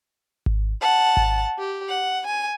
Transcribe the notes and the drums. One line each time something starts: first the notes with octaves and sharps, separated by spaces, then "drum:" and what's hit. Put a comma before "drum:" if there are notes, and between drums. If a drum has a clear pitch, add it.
drum: kick G#1
F#5 A5
drum: kick G#1
G4
F#5
G#5